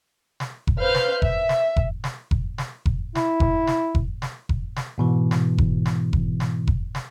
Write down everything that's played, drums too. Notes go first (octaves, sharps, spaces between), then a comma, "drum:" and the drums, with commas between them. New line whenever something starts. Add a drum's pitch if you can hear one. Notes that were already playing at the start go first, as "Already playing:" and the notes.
drum: snare
drum: kick F1
B4 C5 F5 F6 G6
drum: snare
E5, drum: kick F1
drum: snare
drum: kick F1
drum: snare
drum: kick F1
drum: snare
drum: kick F1
E4, drum: snare
drum: kick F1
drum: snare
drum: kick F1
drum: snare
drum: kick F1
drum: snare
G#2 B2 E3
drum: snare
drum: kick F1
drum: snare
drum: kick F1
drum: snare
drum: kick F1
drum: snare